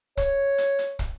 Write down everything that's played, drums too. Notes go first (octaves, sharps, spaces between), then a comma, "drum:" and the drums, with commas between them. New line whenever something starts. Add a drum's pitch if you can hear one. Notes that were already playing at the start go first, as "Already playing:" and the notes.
C#5, drum: kick, hi-hat
drum: hi-hat
drum: hi-hat
drum: kick, hi-hat